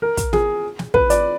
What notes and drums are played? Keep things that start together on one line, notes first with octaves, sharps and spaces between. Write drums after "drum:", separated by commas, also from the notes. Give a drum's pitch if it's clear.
A#4
drum: kick, hi-hat
G#4, drum: snare
drum: snare
B4, drum: kick
D5, drum: hi-hat